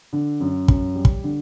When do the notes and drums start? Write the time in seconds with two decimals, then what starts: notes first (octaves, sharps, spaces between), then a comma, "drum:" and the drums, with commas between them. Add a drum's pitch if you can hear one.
0.13 D3
0.40 F#2
0.68 F#2, drum: kick
0.95 G3
1.05 drum: kick
1.24 D3